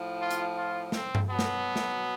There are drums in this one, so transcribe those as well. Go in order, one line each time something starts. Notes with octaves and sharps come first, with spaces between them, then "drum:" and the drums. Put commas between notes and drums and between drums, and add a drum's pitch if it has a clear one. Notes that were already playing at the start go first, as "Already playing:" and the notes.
Already playing: A2 F3
F4
drum: hi-hat
F4
C4, drum: snare
drum: tom G2
B2 F#3 B3
drum: snare
drum: snare